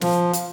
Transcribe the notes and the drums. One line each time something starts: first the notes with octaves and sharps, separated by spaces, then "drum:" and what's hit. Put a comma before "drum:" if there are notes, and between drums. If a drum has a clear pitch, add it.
F3, drum: snare
drum: hi-hat